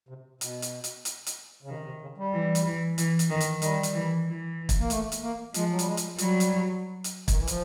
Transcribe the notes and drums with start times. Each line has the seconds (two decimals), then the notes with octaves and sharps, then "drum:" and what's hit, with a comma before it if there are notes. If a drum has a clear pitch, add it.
0.09 C3
0.41 B2, drum: hi-hat
0.62 drum: hi-hat
0.84 drum: hi-hat
1.05 drum: hi-hat
1.27 drum: hi-hat
1.63 C#3
1.69 C3 D#3
1.86 C3
2.02 C#3
2.18 G3
2.33 E3
2.55 drum: hi-hat
2.66 E3
2.98 E3, drum: hi-hat
3.19 drum: hi-hat
3.30 D#3
3.40 drum: hi-hat
3.62 D#3 G3, drum: hi-hat
3.83 drum: hi-hat
3.94 E3
4.26 E3
4.69 drum: kick, hi-hat
4.80 A#3
4.90 A3, drum: hi-hat
5.12 drum: hi-hat
5.22 A#3
5.54 F3 G#3, drum: hi-hat
5.71 F#3
5.79 G3, drum: hi-hat
5.86 G#3
5.97 drum: hi-hat
6.18 F#3 G3, drum: hi-hat
6.40 drum: hi-hat
7.04 drum: hi-hat
7.28 D#3, drum: kick, hi-hat
7.38 E3
7.47 F3, drum: hi-hat